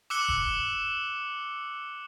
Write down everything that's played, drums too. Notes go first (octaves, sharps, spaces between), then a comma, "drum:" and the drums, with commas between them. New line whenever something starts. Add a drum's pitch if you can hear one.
D6 E6 F#6 C#7 E7 G7
drum: kick E1